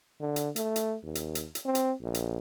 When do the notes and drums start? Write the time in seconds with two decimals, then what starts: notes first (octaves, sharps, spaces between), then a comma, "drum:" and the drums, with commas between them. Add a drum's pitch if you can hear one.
0.20 D3
0.36 drum: hi-hat
0.56 A3, drum: hi-hat
0.76 drum: hi-hat
1.03 D#2
1.15 drum: hi-hat
1.35 drum: hi-hat
1.55 drum: hi-hat
1.65 C4
1.75 drum: hi-hat
2.02 A#1
2.14 drum: hi-hat